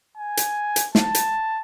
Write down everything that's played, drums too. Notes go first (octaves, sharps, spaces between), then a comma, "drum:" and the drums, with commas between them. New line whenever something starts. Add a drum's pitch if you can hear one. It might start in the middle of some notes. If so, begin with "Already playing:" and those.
G#5
drum: hi-hat
drum: hi-hat
A5, drum: snare
drum: hi-hat